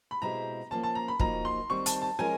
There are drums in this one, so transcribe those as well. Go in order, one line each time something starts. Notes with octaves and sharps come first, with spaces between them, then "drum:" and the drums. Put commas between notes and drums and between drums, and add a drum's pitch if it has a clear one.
B5
B2 G#3 C4 E4 G4 A#5
F3 A#3 C#4 A5
A5
A#5
B5
F3 A#3 D#4 F#4 A#5, drum: kick
C6
D#3 G3 C4 C#6
A5, drum: hi-hat
A5
F3 G#3 C#4 F4 A#4 G#5